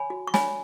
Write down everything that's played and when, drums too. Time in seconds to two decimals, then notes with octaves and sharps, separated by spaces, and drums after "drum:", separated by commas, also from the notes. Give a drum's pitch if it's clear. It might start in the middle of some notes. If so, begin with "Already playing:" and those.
Already playing: C#5 G#5 B5
0.10 F#4
0.27 C#6
0.34 C#5 G#5 B5, drum: snare